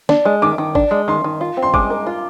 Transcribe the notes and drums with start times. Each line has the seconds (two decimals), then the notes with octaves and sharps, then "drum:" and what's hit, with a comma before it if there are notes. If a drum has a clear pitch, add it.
0.09 D4, drum: snare
0.25 G#3
0.42 D#3 D6
0.58 D#3
0.75 D4, drum: kick G#1
0.91 G#3
1.08 D#3 C6
1.24 D#3
1.41 F4
1.57 C4
1.62 C6
1.74 G#3 D6, drum: kick G#1
1.90 A#4
2.07 F4